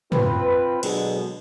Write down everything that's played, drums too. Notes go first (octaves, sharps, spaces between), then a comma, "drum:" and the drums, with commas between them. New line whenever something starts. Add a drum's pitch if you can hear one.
C4 F4 B4, drum: tom
B2 D3 F#3 G#3, drum: cymbal